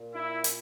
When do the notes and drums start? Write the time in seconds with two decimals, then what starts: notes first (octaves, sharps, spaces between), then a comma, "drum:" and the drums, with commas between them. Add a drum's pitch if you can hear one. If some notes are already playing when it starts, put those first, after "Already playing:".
Already playing: A#2
0.14 E4
0.44 drum: hi-hat